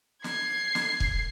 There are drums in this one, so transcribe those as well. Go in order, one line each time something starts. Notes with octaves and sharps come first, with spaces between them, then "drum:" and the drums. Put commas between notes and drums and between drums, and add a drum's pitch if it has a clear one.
G#6 C7, drum: snare
drum: snare
drum: kick